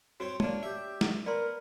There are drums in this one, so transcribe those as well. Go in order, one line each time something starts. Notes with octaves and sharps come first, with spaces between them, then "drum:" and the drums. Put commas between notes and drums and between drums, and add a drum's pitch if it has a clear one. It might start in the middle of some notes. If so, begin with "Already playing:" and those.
C4 F#4 C5 C#5
A#3 D4 C#5 D5 A5, drum: tom
G4 E5
drum: snare
B3 A#4 D5 C6